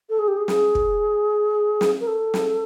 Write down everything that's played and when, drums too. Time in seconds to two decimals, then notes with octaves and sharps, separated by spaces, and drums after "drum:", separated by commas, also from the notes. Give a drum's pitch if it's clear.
0.10 A4
0.19 G#4
0.28 G4
0.37 G#4
0.48 G#4, drum: snare
0.75 drum: kick
1.81 drum: snare
2.00 A#4
2.07 A4
2.34 drum: snare